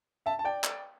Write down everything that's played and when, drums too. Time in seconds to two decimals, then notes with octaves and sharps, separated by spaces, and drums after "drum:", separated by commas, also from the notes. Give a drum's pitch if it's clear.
0.26 E5 A5
0.39 A5
0.45 D5 G5
0.64 drum: clap